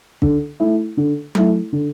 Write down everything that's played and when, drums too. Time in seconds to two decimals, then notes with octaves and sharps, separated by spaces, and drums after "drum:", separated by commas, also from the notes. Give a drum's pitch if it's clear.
0.22 D3, drum: kick
0.60 A3 E4
0.97 D3
1.35 A3 E4, drum: tom F#3
1.73 D3